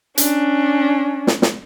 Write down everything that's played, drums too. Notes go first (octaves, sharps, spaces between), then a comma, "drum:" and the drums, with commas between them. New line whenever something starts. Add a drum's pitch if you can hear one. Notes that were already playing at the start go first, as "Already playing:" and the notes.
C#4 D4, drum: hi-hat
drum: snare
drum: snare